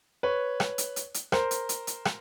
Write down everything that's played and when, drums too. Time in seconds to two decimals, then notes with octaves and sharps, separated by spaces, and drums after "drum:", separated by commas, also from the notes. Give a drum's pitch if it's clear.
0.23 B4 C#5
0.60 drum: rim click
0.78 drum: hi-hat
0.96 drum: hi-hat
1.14 drum: hi-hat
1.32 A#4 C5, drum: rim click
1.51 drum: hi-hat
1.69 drum: hi-hat
1.87 drum: hi-hat
2.05 drum: rim click